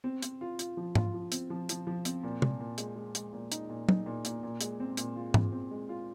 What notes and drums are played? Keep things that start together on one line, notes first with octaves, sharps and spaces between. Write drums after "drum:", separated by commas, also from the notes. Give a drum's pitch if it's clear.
C4
C4, drum: hi-hat
F4
F4, drum: hi-hat
F3
F4, drum: tom G#2
F3
C4, drum: hi-hat
F3
F3, drum: hi-hat
F3
C4, drum: hi-hat
A#2
A#2, drum: tom
A#2
G#3, drum: hi-hat
G#3
G#3, drum: hi-hat
A#2
D#4, drum: hi-hat
A#2
D#4, drum: tom
A#2
A#2, drum: hi-hat
A#2
G#3, drum: hi-hat
C4
A#2, drum: hi-hat
F4
C4, drum: tom G#2
C4
G#3
F4